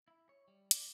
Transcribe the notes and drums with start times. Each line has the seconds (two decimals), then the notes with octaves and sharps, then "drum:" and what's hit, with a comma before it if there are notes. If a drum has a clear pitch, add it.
0.08 E4
0.29 C#5
0.48 G3
0.71 D5, drum: hi-hat